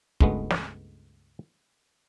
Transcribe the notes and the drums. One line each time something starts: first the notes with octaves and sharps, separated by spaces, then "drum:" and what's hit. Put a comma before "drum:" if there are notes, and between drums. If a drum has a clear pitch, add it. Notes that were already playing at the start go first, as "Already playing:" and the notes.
C#2 G2 G#3 A3 B3, drum: kick
drum: snare